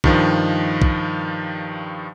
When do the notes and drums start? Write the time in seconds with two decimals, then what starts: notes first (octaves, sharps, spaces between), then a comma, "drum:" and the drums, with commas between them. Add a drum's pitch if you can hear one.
0.04 G2 D#3 F3, drum: kick
0.82 drum: kick